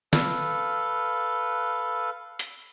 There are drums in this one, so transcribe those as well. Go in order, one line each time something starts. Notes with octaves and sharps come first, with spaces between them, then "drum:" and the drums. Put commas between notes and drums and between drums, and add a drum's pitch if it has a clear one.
A4 B4 F5, drum: snare
drum: hi-hat